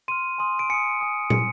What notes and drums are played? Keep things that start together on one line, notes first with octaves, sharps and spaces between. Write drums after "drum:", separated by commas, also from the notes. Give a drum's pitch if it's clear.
C6 F6 D#7
G#5 C6 D#6
D7
G#5 C6 D#6 C#7
G#5 C6 D#6
G#5 C6 D#6 C#7, drum: tom